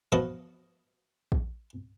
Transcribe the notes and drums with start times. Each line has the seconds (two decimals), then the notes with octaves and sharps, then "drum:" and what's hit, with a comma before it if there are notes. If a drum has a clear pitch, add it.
0.12 F3 B3 F#4 D#5
1.32 drum: kick